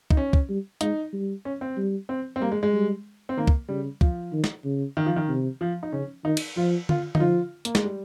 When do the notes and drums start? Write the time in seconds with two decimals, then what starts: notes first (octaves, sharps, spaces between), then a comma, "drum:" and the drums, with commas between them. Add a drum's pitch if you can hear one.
0.10 D#4, drum: kick
0.17 C#4
0.33 drum: kick
0.49 G3
0.81 G#3 D#4, drum: hi-hat
1.13 G3
1.45 C#4
1.61 C4
1.77 G3
2.09 C4
2.36 C4
2.41 G3 A#3
2.52 G#3
2.63 G#3
2.73 G3
3.29 C4
3.37 D#3 A#3
3.47 drum: kick
3.69 C#3 G3
4.01 F3, drum: kick
4.33 D#3
4.44 drum: snare
4.65 C#3
4.97 D#3
5.06 F3
5.16 D#3
5.29 C3
5.61 F3
5.83 D#4
5.93 C#3 C#4
6.25 D#3 D#4
6.37 drum: cymbal
6.57 F3 F4
6.89 F4, drum: tom D3
7.15 D#4, drum: tom D3
7.20 F3 F4
7.65 A#3, drum: hi-hat
7.75 G#3, drum: snare
7.84 G3